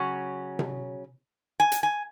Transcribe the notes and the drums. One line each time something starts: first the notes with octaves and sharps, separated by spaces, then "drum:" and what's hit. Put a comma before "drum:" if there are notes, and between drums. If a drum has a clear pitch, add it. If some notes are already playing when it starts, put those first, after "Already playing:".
Already playing: C#3 F#3 C#4
drum: tom C3
G#5
drum: hi-hat
G#5